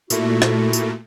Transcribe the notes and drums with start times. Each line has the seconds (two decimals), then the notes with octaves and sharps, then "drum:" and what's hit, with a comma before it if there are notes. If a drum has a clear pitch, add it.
0.10 A#2 A3 E4 F#4, drum: tambourine
0.42 drum: rim click
0.73 drum: tambourine